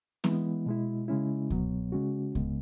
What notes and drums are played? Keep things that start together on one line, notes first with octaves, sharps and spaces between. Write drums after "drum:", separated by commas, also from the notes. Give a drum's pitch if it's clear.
E3 G#3 B3 E4, drum: snare C4
B2 G#3 E4
C#3 G#3 C#4 E4
B2 F#3 B3, drum: kick C#2
C#3 G#3 C#4 F#4
C#3 G#3 B3, drum: kick C#2